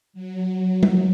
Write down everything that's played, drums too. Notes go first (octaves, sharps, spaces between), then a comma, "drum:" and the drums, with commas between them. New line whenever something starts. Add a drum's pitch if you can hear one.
F#3
drum: tom G3